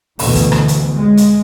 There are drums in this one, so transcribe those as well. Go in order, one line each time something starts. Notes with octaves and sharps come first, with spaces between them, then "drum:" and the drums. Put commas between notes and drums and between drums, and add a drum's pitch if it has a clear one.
D2 B2 E3, drum: open hi-hat
drum: kick, hi-hat
drum: rim click
drum: hi-hat
G#3
drum: hi-hat